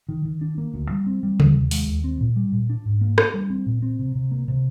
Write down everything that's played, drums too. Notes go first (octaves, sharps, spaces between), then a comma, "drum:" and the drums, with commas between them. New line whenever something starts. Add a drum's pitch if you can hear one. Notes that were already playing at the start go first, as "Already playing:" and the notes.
D#3
D#3
D4
A#3
D2
G3
C4
G3
D#2, drum: tom C3
D#2
G#3, drum: open hi-hat
D#2
C4
A#2
G3
A#2
D4
G#2
A#3
D4, drum: rim click
G3
C4
A#2
C4
C3
C3
A#3
C3